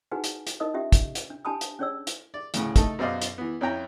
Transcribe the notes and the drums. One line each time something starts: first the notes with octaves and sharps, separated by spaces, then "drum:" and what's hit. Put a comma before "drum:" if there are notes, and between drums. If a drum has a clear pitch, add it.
D#4 F#4 G#4 B4 F#5 G#5
drum: hi-hat
drum: hi-hat
D#4 A#4 D#5 D#6
C#4 F4 G4 E5
drum: kick, hi-hat
drum: hi-hat
D4
D4 G4 G#5 A5 B5 D#6
drum: hi-hat
C#4 D4 G#4 C#5 D5 E6
drum: hi-hat
D5
D2 A2 C#3, drum: hi-hat
A3 D#4 A4, drum: kick, hi-hat
F#2 B2 C5 D5 D#5 F5
drum: hi-hat
E3 B3
F2 C#4 E4 G5 A#5